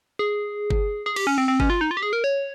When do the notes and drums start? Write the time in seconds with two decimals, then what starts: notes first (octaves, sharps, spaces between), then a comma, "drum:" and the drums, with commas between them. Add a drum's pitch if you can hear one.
0.19 G#4
0.70 drum: kick G1
1.06 G#4
1.16 G4, drum: cymbal
1.27 C#4
1.38 C4
1.48 C4
1.60 C#4, drum: kick G1
1.70 F4
1.81 D#4
1.91 F4
1.97 G4
2.03 G#4
2.13 A#4
2.24 C#5